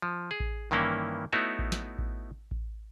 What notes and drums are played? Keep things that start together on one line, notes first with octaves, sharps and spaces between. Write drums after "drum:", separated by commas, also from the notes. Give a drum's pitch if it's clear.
F3
G#4
drum: kick A1
G2 D#3 E3 A#3 C#4 E4
A3 B3 D#4 E4 F#4 C#5
drum: kick A1
drum: snare
drum: kick A1
drum: kick A1